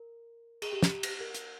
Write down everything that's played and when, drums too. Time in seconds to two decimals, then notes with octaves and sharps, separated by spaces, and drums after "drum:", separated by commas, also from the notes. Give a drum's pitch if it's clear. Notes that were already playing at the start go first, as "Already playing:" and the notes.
Already playing: A#4
0.62 G#4, drum: cymbal
0.72 G4
0.83 drum: snare
1.03 drum: cymbal
1.20 A#4
1.34 drum: hi-hat